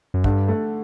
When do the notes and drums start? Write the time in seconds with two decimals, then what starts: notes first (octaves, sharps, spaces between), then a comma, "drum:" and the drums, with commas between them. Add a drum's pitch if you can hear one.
0.14 F#2
0.24 G2 D3, drum: kick
0.48 A3